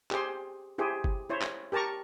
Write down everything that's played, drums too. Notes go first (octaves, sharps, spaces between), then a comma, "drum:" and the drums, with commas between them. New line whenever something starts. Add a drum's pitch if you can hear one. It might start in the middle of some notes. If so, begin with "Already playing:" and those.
G4 G#4 C5 C6, drum: clap
E4 G4 G#4 C5
drum: kick G1
E4 C5 C#5
drum: clap
G4 A#4 A5 A#5 C#6